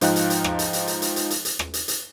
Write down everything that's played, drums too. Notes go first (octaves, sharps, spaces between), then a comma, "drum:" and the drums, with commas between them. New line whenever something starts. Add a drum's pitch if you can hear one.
G#2 F3 D#4 F5 G5 F#6, drum: hi-hat
drum: hi-hat
drum: hi-hat
drum: rim click
drum: hi-hat
drum: hi-hat
drum: hi-hat
drum: hi-hat
drum: hi-hat
drum: hi-hat
drum: hi-hat
drum: rim click
drum: hi-hat
drum: hi-hat